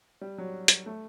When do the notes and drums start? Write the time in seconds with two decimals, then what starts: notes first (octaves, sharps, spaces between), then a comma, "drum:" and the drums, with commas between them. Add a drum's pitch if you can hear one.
0.21 G3
0.38 F#3
0.68 drum: hi-hat
0.86 A3